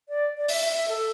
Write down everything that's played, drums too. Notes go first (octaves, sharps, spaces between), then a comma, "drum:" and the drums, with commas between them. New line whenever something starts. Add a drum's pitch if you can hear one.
D5
D5
E5, drum: open hi-hat
E5
E5
A4